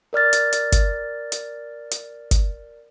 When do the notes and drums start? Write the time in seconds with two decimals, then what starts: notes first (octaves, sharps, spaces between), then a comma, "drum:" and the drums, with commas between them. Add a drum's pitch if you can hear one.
0.13 A#4 D5 F6 A6
0.33 drum: hi-hat
0.52 drum: hi-hat
0.72 drum: kick G1, hi-hat
1.32 drum: hi-hat
1.91 drum: hi-hat
2.31 drum: kick G1, hi-hat